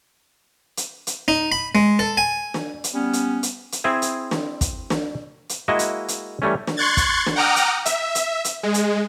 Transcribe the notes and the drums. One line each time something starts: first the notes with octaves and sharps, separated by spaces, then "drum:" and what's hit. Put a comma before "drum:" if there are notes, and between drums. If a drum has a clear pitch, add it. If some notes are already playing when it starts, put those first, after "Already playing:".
drum: hi-hat
drum: hi-hat
D#4
B5
G#3
A4
G#5
drum: snare
drum: hi-hat
G3 B3 C#4
drum: hi-hat
drum: hi-hat
drum: hi-hat
C4 E4 G#4 E5 G#5
drum: hi-hat
drum: snare
drum: kick, hi-hat
drum: snare
drum: hi-hat
G#3 A#3 E4 F#4 D#5 E5
drum: hi-hat
drum: hi-hat
E3 G3 A3 C#4
drum: snare
C6 C#6 F#6 G#6 A6
drum: kick, hi-hat
drum: snare
F#5 G5 A#5 D6 D#6 F6
drum: hi-hat
E5, drum: hi-hat
drum: hi-hat
drum: hi-hat
G#3
drum: hi-hat